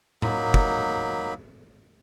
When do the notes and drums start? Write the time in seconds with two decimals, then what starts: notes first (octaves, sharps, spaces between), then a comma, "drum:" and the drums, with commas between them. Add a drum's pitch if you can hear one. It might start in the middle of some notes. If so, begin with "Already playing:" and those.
0.22 F#3 A#3 D#4 B5, drum: tom A2
0.54 drum: kick